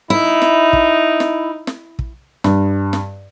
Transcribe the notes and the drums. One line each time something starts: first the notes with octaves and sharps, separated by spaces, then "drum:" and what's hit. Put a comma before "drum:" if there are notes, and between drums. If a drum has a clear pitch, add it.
D#4 E4
drum: snare
drum: kick
drum: snare
drum: snare
drum: kick
G2, drum: snare
drum: snare